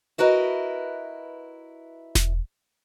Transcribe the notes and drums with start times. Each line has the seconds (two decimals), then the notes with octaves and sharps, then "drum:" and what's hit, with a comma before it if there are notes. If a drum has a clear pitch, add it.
0.18 E4 F#4 A#4 B4 D#5
2.15 drum: snare E1